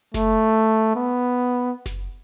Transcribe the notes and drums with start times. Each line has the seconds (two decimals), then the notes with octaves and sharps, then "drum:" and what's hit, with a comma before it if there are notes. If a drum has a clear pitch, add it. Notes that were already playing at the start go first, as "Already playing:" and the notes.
0.14 A3, drum: snare F#1
0.95 B3
1.86 drum: snare F#1